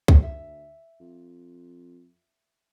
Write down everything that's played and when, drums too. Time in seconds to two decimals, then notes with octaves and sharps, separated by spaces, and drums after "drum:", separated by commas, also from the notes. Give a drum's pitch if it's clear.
0.08 drum: kick
0.23 D2 E5
1.00 F2